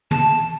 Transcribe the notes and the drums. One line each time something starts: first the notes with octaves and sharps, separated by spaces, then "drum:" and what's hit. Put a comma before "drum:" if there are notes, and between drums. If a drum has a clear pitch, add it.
A5, drum: tom
drum: tambourine